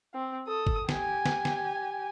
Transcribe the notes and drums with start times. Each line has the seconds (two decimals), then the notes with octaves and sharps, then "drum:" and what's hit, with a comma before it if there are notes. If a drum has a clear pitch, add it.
0.14 C4
0.47 A4 D#6
0.67 drum: kick G1
0.89 G4 G#5, drum: snare
1.26 drum: snare
1.45 drum: snare